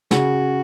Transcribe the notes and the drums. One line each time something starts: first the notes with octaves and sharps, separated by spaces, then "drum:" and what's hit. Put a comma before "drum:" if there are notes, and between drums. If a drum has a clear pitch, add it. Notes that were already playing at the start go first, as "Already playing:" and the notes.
C#3 F#4, drum: snare